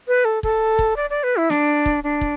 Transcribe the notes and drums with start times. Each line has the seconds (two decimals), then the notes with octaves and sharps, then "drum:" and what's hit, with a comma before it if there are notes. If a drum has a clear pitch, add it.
0.08 B4
0.25 A4
0.43 A4, drum: kick
0.79 drum: kick
0.96 D5
1.10 D5
1.23 B4
1.37 E4
1.50 D4, drum: snare
1.86 drum: kick
2.04 D4
2.21 drum: kick